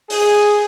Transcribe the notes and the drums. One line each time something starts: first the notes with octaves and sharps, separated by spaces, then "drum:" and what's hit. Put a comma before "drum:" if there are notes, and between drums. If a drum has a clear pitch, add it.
G#4, drum: open hi-hat